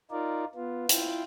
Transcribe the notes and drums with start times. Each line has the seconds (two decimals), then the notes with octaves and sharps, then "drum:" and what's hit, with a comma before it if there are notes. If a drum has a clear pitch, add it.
0.11 D#4 F4 A#4 D5
0.55 B3 F4
0.89 E4 F4 G5, drum: hi-hat